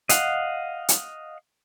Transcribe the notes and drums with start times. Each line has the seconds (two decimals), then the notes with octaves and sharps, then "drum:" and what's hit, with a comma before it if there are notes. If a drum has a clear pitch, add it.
0.09 D#5 F5 F#5, drum: hi-hat
0.88 drum: hi-hat